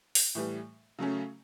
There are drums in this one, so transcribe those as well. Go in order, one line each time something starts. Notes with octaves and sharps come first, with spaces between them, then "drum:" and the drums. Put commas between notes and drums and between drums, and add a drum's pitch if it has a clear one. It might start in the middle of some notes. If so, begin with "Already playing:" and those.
drum: open hi-hat
A2 E3 G3
C#3 F#3 A3 C#4